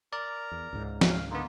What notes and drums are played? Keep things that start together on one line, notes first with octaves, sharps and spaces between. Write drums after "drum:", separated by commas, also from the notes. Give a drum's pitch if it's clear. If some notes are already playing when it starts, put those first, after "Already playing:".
A#4 D5 A#5
E2
C#2 G#2 C#3
drum: snare
F5
D3 A#3 B3 D#4 F4